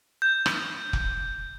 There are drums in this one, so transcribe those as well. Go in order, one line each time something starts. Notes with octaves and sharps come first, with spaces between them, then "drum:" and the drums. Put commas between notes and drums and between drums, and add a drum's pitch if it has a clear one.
G6
drum: rim click
drum: kick F1